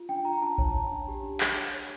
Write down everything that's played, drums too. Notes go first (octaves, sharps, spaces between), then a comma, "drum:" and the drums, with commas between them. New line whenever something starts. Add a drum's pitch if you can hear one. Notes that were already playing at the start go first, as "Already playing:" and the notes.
Already playing: F4
D4 G5
F4 A#5
D4 A5
C#5 A5, drum: kick A#1
C#5
D4
G4
D4
D4, drum: clap
C#5
C#5, drum: hi-hat